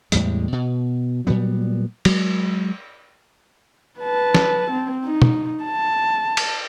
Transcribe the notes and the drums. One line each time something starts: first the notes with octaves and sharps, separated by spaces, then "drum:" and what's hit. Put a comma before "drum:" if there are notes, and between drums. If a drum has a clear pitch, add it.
E2 A2 G3 G#3, drum: hi-hat
B2
A#2 F#3 G3 B3
F#3 G#3, drum: cymbal
B4 A5
drum: snare
C4
D#4
drum: tom
A5
drum: cymbal